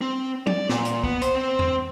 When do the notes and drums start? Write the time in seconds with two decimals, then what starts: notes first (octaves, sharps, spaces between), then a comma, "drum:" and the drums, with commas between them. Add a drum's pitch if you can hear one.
0.01 C4
0.47 D5, drum: tom
0.69 A#2, drum: snare B3
0.85 drum: hi-hat
1.04 B3, drum: kick
1.22 C5, drum: hi-hat
1.35 C4
1.59 drum: tom E2